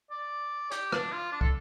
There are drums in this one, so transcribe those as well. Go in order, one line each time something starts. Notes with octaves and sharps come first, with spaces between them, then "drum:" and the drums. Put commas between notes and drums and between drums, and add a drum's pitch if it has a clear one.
D5
G4, drum: hi-hat
D4, drum: rim click
F4
D4
A4, drum: kick